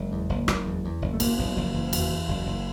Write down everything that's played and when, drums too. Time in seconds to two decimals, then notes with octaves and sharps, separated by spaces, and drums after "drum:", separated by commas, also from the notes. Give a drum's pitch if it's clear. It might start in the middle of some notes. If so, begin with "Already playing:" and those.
Already playing: F#1 G#3
0.12 E2
0.29 F#1
0.48 F#1, drum: rim click
0.66 E2
0.85 E2
1.02 F#1
1.13 A3
1.20 F#1 A#3, drum: cymbal
1.38 F#1 B3
1.48 F#3
1.57 F#1 F3
1.74 F#1 E3
1.88 F3
1.93 E2, drum: cymbal
1.99 E3
2.10 E2
2.28 F#1
2.46 F#1